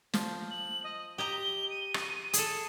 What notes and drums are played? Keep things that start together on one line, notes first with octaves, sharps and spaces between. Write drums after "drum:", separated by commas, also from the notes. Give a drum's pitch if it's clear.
F3, drum: snare
F#7
D#5
G4 D#5 A#5 G7
D#7
drum: rim click
G#4 A4, drum: hi-hat